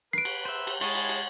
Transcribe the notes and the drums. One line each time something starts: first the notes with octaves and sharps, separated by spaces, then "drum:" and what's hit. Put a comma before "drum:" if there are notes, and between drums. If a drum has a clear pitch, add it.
B4 C7 D7
drum: cymbal
C5 E5
drum: cymbal
G#3 E4 G#4 C#5 A5 B5 C#6, drum: cymbal
drum: cymbal
drum: cymbal